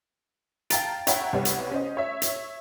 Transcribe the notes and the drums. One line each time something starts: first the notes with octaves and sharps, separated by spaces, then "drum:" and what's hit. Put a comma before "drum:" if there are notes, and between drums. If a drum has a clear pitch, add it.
F5 G5 A5 A#5 A6 D7, drum: hi-hat
C#5 E5 F#5 G5 A#5 B5, drum: hi-hat
C2 G3 B3 C#5
drum: hi-hat
C#4 C5 D#5
C#5 E5
drum: hi-hat